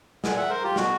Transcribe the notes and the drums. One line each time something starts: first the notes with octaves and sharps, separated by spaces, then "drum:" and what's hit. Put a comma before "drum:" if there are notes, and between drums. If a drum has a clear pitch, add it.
A#2 F#5 G#5, drum: snare
E5 F#5
A#4 C5
F4 G4
B2 F#4, drum: snare